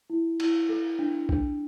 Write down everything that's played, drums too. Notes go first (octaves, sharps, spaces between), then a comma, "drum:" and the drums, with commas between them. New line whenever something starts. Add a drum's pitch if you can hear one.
E4
E4, drum: cymbal
A4
D4
D4, drum: kick B1